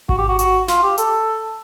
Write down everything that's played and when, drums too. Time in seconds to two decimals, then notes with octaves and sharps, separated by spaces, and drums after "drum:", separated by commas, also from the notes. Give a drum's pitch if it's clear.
0.09 F#4, drum: kick G#1
0.18 G4
0.28 F#4
0.39 F#4, drum: hi-hat
0.68 F4, drum: snare
0.83 G4
0.98 A4, drum: hi-hat